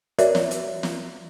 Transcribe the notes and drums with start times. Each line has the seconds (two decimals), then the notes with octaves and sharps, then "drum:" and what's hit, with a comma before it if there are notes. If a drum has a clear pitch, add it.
0.19 F#4 A#4 C#5 D5 E5, drum: hi-hat
0.35 drum: snare
0.51 drum: hi-hat
0.83 drum: snare